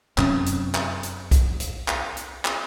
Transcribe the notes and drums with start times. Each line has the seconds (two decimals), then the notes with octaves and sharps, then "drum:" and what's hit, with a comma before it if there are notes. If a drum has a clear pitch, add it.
0.18 F1 F#2 C3 C#4, drum: clap
0.46 drum: hi-hat
0.75 drum: clap
1.03 drum: hi-hat
1.31 drum: kick B1, hi-hat
1.60 drum: hi-hat
1.88 drum: clap
2.17 drum: hi-hat
2.45 drum: clap